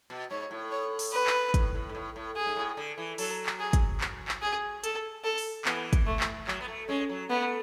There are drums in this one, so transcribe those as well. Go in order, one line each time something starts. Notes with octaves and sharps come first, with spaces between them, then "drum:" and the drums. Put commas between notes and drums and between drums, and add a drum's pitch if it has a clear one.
B2
G#2 C#5
A2
C#5
drum: open hi-hat
B4
drum: clap
A2, drum: kick, hi-hat
A2
G#2
A2
A2
G#4
G#2
A2
D3
E3
F#3 A4, drum: open hi-hat
drum: clap
G#4
drum: kick, hi-hat
drum: clap
drum: clap
G#4
A4, drum: hi-hat
A4
drum: open hi-hat
E3 B3, drum: clap
drum: kick, hi-hat
A3
drum: clap
F#3, drum: clap
B3
A3
G#3 C#4
F#3
A3 B3